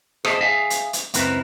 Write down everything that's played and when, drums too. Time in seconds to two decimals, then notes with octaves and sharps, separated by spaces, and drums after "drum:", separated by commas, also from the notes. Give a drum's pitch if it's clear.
0.25 G#4 C5 D#5 E5 A5, drum: rim click
0.41 G#4 E5 F5 G#5
0.70 drum: hi-hat
0.93 drum: hi-hat
1.14 C#2 F#2 C4 E4 A#4 B4, drum: hi-hat